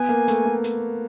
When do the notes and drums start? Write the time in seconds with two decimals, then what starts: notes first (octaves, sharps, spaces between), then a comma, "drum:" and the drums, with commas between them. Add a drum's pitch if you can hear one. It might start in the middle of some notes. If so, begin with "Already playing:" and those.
Already playing: B3 G#5
0.09 A#3
0.28 A3, drum: hi-hat
0.45 A3
0.64 drum: hi-hat